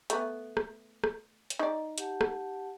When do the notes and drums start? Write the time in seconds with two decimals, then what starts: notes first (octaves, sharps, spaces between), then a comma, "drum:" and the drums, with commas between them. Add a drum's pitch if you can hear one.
0.10 A3 B3, drum: hi-hat
0.57 drum: rim click
1.04 drum: rim click
1.50 drum: hi-hat
1.59 D#4 D5
1.98 G4 F#5 A5, drum: hi-hat
2.21 drum: rim click